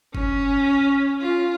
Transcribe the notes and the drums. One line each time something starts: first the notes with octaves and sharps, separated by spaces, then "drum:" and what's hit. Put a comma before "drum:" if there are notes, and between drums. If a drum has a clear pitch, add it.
C#4, drum: kick F#1
F4